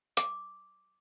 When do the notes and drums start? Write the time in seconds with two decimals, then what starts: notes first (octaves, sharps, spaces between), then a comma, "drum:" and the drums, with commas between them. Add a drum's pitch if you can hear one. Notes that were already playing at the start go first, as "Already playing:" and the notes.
0.17 D6, drum: hi-hat